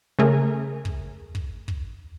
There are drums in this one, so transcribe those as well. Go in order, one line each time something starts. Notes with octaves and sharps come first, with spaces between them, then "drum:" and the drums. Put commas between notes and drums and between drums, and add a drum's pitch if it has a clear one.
C#3 A3 G#4 A#4
drum: kick
drum: kick
drum: kick